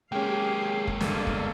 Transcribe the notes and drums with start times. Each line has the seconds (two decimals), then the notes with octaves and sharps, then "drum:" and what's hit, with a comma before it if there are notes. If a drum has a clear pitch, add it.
0.12 G#3 A#3 C#4 G4 G#4 F5 G5
0.87 drum: kick
1.01 G1 G2 D3 A4 D5 F5, drum: snare
1.27 drum: kick